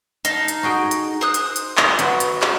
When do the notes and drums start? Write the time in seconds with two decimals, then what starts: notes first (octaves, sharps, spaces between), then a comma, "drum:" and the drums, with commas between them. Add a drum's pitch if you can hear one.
0.25 D#4 F5 A5, drum: hi-hat
0.48 drum: hi-hat
0.63 F#4 G#4 G5
0.91 drum: hi-hat
1.21 C5 D#6 F#6
1.34 drum: hi-hat
1.56 drum: hi-hat
1.77 drum: clap
1.99 F#3 B4 F#5, drum: hi-hat
2.20 drum: hi-hat
2.42 drum: clap